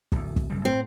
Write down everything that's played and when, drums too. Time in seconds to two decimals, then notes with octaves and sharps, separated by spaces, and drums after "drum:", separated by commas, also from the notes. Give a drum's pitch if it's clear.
0.12 D1 E2, drum: kick
0.36 drum: kick
0.50 F#2 C#3 G3
0.65 A2 C4